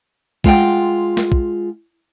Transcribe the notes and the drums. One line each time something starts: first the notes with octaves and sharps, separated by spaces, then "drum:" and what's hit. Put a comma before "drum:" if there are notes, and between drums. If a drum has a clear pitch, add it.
G#3 F4 F#5 G5, drum: kick
drum: snare
drum: kick